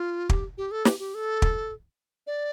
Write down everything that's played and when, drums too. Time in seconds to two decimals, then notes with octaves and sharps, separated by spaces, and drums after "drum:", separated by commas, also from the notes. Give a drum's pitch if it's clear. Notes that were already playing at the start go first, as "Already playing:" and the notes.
Already playing: F4
0.29 G4, drum: kick
0.58 G4
0.71 A4
0.85 G4, drum: snare
0.99 G4
1.15 A4
1.42 drum: kick
2.27 D5